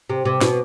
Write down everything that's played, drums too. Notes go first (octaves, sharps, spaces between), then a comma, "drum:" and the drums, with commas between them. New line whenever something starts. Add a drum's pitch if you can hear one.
C3
C3
B2, drum: snare